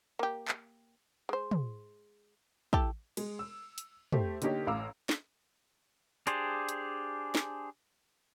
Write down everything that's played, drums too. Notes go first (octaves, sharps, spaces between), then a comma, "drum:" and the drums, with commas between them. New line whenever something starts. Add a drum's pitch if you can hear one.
A#3 G4
drum: clap
G#3 C5
drum: tom
E4 G4 A4, drum: kick
G#3, drum: cymbal
E6
drum: hi-hat
A3 G4 C5, drum: tom
D3 A#3 D#4 G4 C#5, drum: hi-hat
A1 F5 A#5 D6 E6
drum: snare
D4 G4 G#4 C5 D5, drum: hi-hat
drum: hi-hat
drum: snare